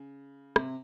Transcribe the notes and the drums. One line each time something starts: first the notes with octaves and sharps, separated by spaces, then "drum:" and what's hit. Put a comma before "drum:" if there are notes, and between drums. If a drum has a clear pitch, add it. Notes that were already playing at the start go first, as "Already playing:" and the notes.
Already playing: C#3
C3, drum: rim click